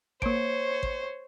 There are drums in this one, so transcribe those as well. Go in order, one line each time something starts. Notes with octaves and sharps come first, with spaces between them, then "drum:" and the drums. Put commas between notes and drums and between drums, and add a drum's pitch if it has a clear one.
A#3 C5 C#5 D7, drum: kick G#1
drum: kick G#1